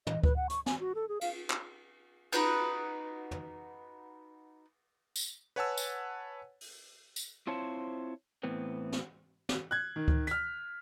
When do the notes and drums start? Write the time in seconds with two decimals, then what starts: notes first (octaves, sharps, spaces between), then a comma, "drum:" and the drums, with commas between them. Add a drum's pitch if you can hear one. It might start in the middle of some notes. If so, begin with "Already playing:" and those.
0.07 D#5, drum: tom
0.23 B4, drum: kick D2
0.36 F#5
0.50 C#6, drum: hi-hat
0.66 G#5, drum: snare
0.80 F#4
0.95 A4
1.09 G#4
1.21 F5, drum: cymbal
1.50 drum: clap
2.33 D#4 F#4 B4 G6, drum: cymbal
3.31 drum: tom
5.16 drum: tambourine
5.56 B4 C#5 F#5 G#5 A5 E6
5.77 drum: tambourine
6.61 drum: open hi-hat
7.16 drum: tambourine
7.47 C4 E4 F4 C5 C#5 A5
8.43 A2 E3 B3 C4
8.92 drum: snare
9.49 drum: snare
9.71 F#6 G#6
9.96 D#3
10.08 drum: kick D2
10.27 F6 B6, drum: hi-hat